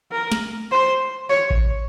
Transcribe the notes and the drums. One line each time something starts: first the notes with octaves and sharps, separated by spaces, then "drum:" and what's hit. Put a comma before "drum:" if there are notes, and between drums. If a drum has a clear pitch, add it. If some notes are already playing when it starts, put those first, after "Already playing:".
A#4
drum: snare
C5
C#5
drum: kick A1